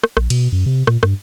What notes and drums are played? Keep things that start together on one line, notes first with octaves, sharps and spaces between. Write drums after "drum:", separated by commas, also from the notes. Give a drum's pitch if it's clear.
drum: rim click
A#1, drum: rim click
B2, drum: cymbal
F#2
C3
A#2, drum: rim click
G2, drum: rim click